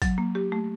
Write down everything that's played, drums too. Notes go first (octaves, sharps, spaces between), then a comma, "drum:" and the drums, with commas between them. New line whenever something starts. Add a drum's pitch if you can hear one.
F#3, drum: kick G#1, hi-hat
A#3
G4
A3